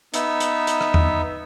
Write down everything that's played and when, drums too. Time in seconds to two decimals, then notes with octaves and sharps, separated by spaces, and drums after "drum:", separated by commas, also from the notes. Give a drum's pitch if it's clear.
0.14 B3 D#4 E5, drum: hi-hat
0.40 drum: hi-hat
0.67 drum: hi-hat
0.81 drum: rim click
0.94 drum: tom E2